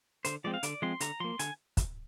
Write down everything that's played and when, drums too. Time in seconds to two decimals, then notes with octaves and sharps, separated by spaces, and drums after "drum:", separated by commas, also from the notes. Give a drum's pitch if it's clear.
0.25 D3 C5, drum: hi-hat
0.44 F3 G#3 C4 D5
0.54 F5
0.63 D3 D5, drum: hi-hat
0.82 F3 G#3 C4 C6
1.00 D3 A#5, drum: hi-hat
1.20 F3 A#3 C6
1.39 D3 G#5, drum: hi-hat
1.77 drum: kick, hi-hat